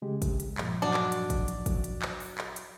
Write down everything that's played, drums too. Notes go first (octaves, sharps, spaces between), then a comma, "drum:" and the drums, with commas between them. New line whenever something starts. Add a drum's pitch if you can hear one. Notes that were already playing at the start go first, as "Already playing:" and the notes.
C#3 G#3 G4
drum: kick, hi-hat
drum: hi-hat
G2 A#2 F3, drum: clap
F#3 D4 D#4 F#4
drum: clap
drum: hi-hat
drum: kick, hi-hat
drum: hi-hat
drum: kick, hi-hat
drum: hi-hat
drum: clap
drum: open hi-hat
drum: clap
drum: hi-hat